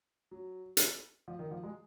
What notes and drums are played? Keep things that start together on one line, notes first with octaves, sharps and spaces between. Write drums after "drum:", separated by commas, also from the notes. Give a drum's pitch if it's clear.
F#3
drum: hi-hat
F3
D#3
F3
G#3